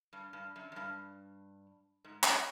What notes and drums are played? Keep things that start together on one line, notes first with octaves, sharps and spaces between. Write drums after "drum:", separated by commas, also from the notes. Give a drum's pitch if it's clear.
G2
G2
F#2
F#2
G2
G#2
drum: clap